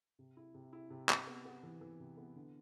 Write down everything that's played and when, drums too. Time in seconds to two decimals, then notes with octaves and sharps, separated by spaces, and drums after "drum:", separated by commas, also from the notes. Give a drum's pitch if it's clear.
0.19 C3
0.37 E4
0.54 C3
0.73 E4
0.90 C3
1.09 C3, drum: clap
1.27 B3
1.45 B3
1.63 E3
1.81 E3
2.00 C3
2.17 B3
2.36 D3